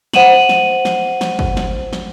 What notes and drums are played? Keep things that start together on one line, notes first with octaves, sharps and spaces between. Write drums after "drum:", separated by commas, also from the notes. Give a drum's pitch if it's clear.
C5 F#5 D#7 E7 F#7, drum: snare
drum: snare
drum: snare
drum: snare
drum: kick
drum: snare
drum: snare